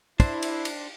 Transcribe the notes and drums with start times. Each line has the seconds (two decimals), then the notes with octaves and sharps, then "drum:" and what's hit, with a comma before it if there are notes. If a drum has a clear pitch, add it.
0.20 D4 E4 C5, drum: kick, cymbal
0.42 drum: cymbal
0.65 drum: cymbal